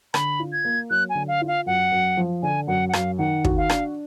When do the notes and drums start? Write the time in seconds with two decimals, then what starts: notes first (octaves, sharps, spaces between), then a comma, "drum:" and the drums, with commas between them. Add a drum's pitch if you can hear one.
0.14 D3 B5, drum: rim click
0.40 F4
0.53 G#6
0.65 A#3
0.90 F#3 F#6
1.10 G#5
1.15 D3
1.28 F5
1.42 F4
1.48 F5
1.66 F#2 F#5
1.92 F#2
2.17 F3
2.43 D3 G#5
2.68 F#2 F#5
2.89 F#5
2.93 F#2 F5, drum: rim click
3.18 D#3 F#5
3.44 F#4, drum: kick
3.57 F5
3.70 D4, drum: rim click